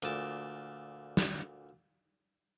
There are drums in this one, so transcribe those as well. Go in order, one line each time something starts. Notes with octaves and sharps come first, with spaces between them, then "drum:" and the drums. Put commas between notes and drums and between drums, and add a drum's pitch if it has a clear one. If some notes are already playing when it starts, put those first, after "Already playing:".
D2 A#2 A5 D6, drum: hi-hat
drum: snare